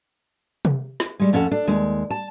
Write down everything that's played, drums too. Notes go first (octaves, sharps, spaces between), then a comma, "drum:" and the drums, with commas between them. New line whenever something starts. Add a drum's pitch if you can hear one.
drum: tom C3
drum: snare
G3 G#3
F2 C#4 A4 F#5
D4
D#2 G#3
A5